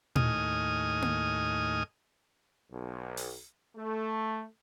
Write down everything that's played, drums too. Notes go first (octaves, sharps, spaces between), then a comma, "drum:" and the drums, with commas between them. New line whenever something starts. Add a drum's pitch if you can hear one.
D#2 A2 D#5 G#5 D#6 F6, drum: tom A#2
drum: tom A#3
B1
drum: open hi-hat
A3